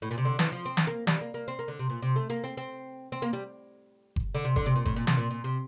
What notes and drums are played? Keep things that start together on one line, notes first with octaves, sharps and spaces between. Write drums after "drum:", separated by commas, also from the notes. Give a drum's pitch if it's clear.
A2
A#2
C3
D3
E3, drum: snare
F3
C4
drum: snare
A#3
G3, drum: snare
A#3
A#3
C4
A#3
D3
C3
A#2
C3
A3
A#3
C4
C4
C4
A#3
G3
drum: kick F#1
D3
C3
D3, drum: kick F#1
C3
A#2
A2, drum: kick F#1
A#2
C3, drum: snare
A#2
A#2
C3